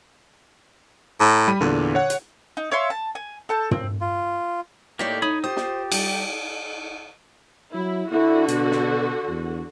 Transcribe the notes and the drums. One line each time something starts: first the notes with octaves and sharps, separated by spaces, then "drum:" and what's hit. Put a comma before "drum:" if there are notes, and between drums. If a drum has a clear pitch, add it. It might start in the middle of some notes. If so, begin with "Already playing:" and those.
A2 A#5
G3 B5 D#7
E2 A#2 D3
C#5 F#5
drum: hi-hat
D#4
C#5 E5 F5 C6
A5
G#5
A4 A5 G6
C4, drum: tom
F4
A2 A#3 D#4 G4 A4 C#5 D5
D#4 C#5 B5 D#6
F4 G4 C5 D#6
drum: snare
G3, drum: cymbal
F#3 E4
D3 E4 F#4
B2, drum: hi-hat
drum: snare
E2